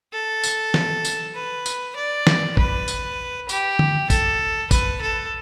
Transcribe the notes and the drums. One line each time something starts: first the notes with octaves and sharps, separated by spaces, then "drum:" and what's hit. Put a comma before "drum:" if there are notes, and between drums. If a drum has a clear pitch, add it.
A4
drum: tambourine
drum: snare
drum: tambourine
B4
drum: tambourine
D5
drum: snare
B4, drum: kick
drum: tambourine
G4, drum: tambourine
drum: tom
A4, drum: kick, tambourine
B4, drum: kick, tambourine
A4